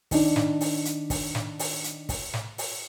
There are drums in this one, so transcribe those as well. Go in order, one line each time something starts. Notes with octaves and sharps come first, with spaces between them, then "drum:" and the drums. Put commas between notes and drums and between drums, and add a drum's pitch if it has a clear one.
D#3 D4, drum: kick, open hi-hat
drum: snare
drum: open hi-hat
drum: hi-hat
drum: kick, open hi-hat
drum: snare
drum: open hi-hat
drum: hi-hat
drum: kick, open hi-hat
drum: snare
drum: open hi-hat